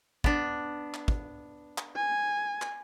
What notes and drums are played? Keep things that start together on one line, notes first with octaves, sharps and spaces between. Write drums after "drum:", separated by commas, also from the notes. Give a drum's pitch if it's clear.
B3 D4, drum: kick
drum: clap
drum: kick
drum: clap
G#5
drum: clap